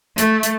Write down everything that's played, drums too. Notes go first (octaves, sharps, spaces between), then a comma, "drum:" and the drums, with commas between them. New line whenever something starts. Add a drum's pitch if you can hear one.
A3, drum: hi-hat
drum: hi-hat